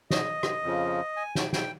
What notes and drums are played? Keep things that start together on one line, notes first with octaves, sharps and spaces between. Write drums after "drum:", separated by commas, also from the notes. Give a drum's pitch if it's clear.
D#5, drum: snare
drum: rim click
F2 C#3 F3
G#5
G5, drum: snare
G5, drum: snare